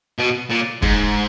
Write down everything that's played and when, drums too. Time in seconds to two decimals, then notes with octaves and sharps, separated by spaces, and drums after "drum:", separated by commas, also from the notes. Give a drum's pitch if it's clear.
0.19 B2
0.50 A#2
0.82 G#2, drum: kick